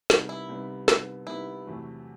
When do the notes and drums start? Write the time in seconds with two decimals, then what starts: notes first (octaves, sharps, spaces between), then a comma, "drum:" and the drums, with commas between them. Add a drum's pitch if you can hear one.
0.10 C2 C3 D#3 G3 B3, drum: snare
0.29 E4
0.49 C2 C3 D#3 G3 B3
0.88 C2 C3 D#3 G3 B3, drum: snare
1.27 C2 C3 D#3 G3 B3 E4
1.67 E2 C3 F#3 A3